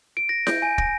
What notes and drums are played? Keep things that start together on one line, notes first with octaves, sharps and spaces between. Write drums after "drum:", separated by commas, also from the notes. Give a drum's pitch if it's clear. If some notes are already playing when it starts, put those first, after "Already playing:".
D7
A#6
G6, drum: snare E4
G#5
A#6, drum: kick